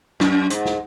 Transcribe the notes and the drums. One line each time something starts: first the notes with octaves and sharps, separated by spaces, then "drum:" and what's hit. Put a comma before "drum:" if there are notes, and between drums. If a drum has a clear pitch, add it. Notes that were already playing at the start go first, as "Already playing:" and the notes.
F#2, drum: snare
G#2, drum: hi-hat
drum: snare